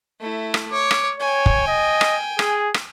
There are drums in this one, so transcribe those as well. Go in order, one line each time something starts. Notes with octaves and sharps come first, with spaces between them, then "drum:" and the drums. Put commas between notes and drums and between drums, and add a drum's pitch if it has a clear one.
A3 E4
drum: rim click
C#5 D6
drum: rim click
C#5 G5 G#5
drum: kick
D#5
drum: rim click
G#4, drum: rim click
drum: rim click